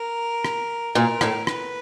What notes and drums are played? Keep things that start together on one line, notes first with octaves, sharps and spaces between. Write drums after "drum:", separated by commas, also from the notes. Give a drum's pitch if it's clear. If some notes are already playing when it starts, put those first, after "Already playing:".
Already playing: A#4
drum: rim click
A#2 A#4
A2, drum: rim click
B4, drum: rim click